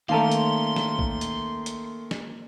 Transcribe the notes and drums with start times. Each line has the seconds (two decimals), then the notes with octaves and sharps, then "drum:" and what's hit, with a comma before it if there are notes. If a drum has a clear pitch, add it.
0.09 D#3 A3 A#3 C#4 A#4 F5 A5 C6
0.32 drum: hi-hat
0.76 drum: snare
0.99 drum: kick
1.21 drum: hi-hat
1.66 drum: hi-hat
2.11 drum: snare